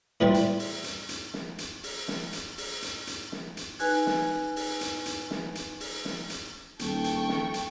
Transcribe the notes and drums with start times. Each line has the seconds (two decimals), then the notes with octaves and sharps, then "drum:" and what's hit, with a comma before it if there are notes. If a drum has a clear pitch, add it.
0.21 A2 E3 G3 C4
0.34 drum: hi-hat
0.59 drum: open hi-hat
0.84 drum: hi-hat
1.09 drum: hi-hat
1.34 drum: snare
1.58 drum: hi-hat
1.83 drum: open hi-hat
2.08 drum: snare
2.33 drum: hi-hat
2.58 drum: open hi-hat
2.82 drum: hi-hat
3.07 drum: hi-hat
3.32 drum: snare
3.57 drum: hi-hat
3.79 D#4 B4 G#5 F#6 G#6, drum: open hi-hat
4.06 drum: snare
4.56 drum: open hi-hat
4.81 drum: hi-hat
5.06 drum: hi-hat
5.31 drum: snare
5.55 drum: hi-hat
5.80 drum: open hi-hat
6.05 drum: snare
6.30 drum: hi-hat
6.79 D#1 A4 G5 C#6, drum: hi-hat
7.04 drum: hi-hat
7.29 drum: snare
7.54 drum: hi-hat